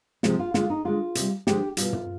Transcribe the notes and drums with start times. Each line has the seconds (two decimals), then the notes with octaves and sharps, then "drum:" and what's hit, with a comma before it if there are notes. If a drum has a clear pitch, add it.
0.23 C3 F3 G#3, drum: snare
0.39 F4
0.54 D3 G#3 F4, drum: snare
0.70 D#4
0.85 D3 G#3 F4
1.15 C3, drum: hi-hat
1.21 G3
1.47 D3 F3 G#3 G4, drum: snare
1.77 B2 G3 F4, drum: hi-hat
1.93 drum: tom